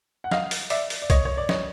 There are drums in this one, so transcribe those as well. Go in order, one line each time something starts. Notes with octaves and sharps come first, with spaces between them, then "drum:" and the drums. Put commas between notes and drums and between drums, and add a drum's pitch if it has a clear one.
F#5
D#5 F5, drum: snare
drum: open hi-hat
D5 E5, drum: open hi-hat
drum: open hi-hat
D5
C#5 D#5, drum: kick B1, hi-hat
C#5
D5
C#5 D#5, drum: snare